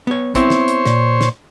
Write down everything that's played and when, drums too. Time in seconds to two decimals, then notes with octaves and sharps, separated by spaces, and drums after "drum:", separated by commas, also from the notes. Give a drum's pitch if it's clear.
0.07 B3 C#5
0.35 B3 C4 E4 C5 C#5, drum: kick, hi-hat
0.50 drum: snare
0.68 drum: hi-hat
0.85 A#2, drum: snare
1.21 drum: snare